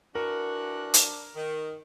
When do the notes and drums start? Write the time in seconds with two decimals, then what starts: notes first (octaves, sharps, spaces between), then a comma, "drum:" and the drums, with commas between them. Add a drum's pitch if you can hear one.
0.15 E3 D4 F#4 A#4
0.94 drum: hi-hat
1.36 D#3